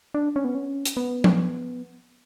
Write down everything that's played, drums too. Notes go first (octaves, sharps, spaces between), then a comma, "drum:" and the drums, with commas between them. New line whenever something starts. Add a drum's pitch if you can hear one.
D4
C#4
B3
C#4
drum: hi-hat
B3
drum: tom F3